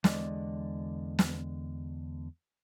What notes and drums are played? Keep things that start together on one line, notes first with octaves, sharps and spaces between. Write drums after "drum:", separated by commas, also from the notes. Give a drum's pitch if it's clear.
E2 D3 G#3 D5 D#5, drum: snare
drum: snare